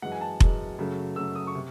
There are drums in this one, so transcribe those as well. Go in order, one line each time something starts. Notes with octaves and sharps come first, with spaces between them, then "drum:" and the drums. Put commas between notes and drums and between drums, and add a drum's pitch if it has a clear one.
F#2 E3 G#3 F#5
G#5
A5
F#2 E3 G#3, drum: kick F1
F#2 C#3 F#3 A3
F#2 C#3 F#3 A3 E6
D#6
C#6
C3